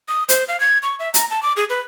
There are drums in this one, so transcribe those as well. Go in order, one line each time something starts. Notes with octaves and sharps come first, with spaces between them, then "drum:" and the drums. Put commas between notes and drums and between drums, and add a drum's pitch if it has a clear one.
D#6
C5, drum: hi-hat
F5
G#6
C#6
E5
A#5, drum: hi-hat
A5
D6
G#4
B4